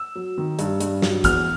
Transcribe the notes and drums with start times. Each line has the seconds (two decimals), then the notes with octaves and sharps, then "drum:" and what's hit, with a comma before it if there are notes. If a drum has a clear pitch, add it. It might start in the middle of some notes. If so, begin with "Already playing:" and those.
Already playing: E6
0.15 F#3
0.38 D#3
0.59 G2, drum: hi-hat
0.80 G2, drum: hi-hat
1.02 F#3, drum: snare
1.24 E2 F6, drum: kick, hi-hat